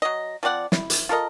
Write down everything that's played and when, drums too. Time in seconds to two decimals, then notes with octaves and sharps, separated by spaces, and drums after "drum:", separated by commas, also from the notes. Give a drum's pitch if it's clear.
0.02 F#3 D#5
0.43 F3 C4 D5 F#5
0.72 E4, drum: snare
0.90 drum: hi-hat
1.09 F4 A4 A#4 D#5